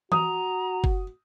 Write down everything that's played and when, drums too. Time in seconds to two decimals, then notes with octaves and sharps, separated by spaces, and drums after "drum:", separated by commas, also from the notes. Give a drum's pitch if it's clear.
0.12 F#4 A#5 D#6, drum: tom E3
0.84 drum: kick F#1